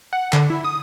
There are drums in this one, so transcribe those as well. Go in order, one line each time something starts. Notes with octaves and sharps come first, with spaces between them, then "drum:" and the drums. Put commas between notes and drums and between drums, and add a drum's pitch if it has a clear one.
F#5
D3, drum: clap
E4
D#6